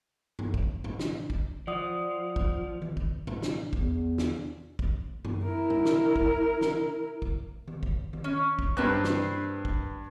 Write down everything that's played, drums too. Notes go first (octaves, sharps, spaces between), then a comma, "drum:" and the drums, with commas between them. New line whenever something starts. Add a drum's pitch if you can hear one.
drum: tom F#2
drum: kick
drum: tom A2
drum: snare
drum: kick
F3 D5 F#5 D#6
drum: kick
drum: tom D#3
drum: kick
drum: tom A2
drum: snare
E2, drum: kick
drum: snare
drum: kick
drum: tom F#2
E4 A#4
drum: tom A#2
drum: snare
drum: kick
drum: snare
drum: kick
drum: tom D#3
drum: kick
drum: tom D#3
C#4
drum: kick
G2 A#3 C4 B4 F#6
drum: snare
drum: kick